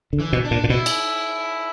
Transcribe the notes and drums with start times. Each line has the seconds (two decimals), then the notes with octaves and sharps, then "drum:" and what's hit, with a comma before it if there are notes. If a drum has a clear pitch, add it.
0.13 D3
0.20 E3
0.33 B2
0.45 D4
0.51 A#2
0.64 A#2
0.70 B2 E4
0.86 drum: cymbal